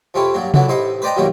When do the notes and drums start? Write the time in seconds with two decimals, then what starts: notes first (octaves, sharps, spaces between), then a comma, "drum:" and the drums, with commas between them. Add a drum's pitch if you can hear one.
0.14 F2 C3 C4 C#4 E4
0.34 G2 F#3 A#3
0.54 C#2 D3 E3 F#3 B3, drum: tom C3
0.68 A1 C3 D#4 E4 C6
1.02 B4 C5 D5 D#5 G5 A#5
1.16 B1 F2 D#3 F#3 G3 A#3